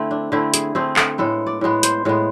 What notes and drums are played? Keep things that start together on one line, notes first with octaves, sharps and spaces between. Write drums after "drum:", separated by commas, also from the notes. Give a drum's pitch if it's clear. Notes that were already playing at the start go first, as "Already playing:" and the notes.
Already playing: D3 A3 C4 E4
D4
D3 A3 C4 E4
G#4, drum: hi-hat
D3 A3 C4 G#4
A4, drum: clap
A2 G#3 B3 A4
D5
A2 G#3 B3
C5, drum: hi-hat
A2 G#3 B3